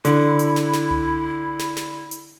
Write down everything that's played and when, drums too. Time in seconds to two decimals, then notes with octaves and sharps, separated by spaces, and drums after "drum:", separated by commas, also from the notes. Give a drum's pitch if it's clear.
0.05 D3 E4, drum: hi-hat
0.39 drum: hi-hat
0.56 drum: snare
0.74 drum: snare
0.91 drum: tom C2
1.60 drum: snare
1.77 drum: snare
2.11 drum: hi-hat